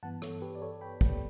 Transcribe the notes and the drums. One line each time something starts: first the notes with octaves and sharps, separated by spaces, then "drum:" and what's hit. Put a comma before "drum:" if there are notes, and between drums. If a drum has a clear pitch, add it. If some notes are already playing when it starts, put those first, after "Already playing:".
G2 E3 B3 F#5 A5
A4 C#5, drum: rim click
G4 B4
D5
A4 C#5
G5 B5
drum: kick